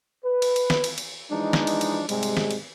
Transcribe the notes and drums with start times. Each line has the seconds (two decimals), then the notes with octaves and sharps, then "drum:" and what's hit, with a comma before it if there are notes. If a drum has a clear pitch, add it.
0.25 B4
0.42 drum: cymbal
0.56 drum: cymbal
0.70 drum: snare
0.84 drum: cymbal
0.98 drum: cymbal
1.30 E3 F3 G#3 D4 D#4
1.53 drum: snare
1.67 drum: cymbal
1.81 drum: cymbal
2.09 G#2 C3 G3 G#3, drum: cymbal
2.23 drum: cymbal
2.37 drum: snare
2.51 drum: cymbal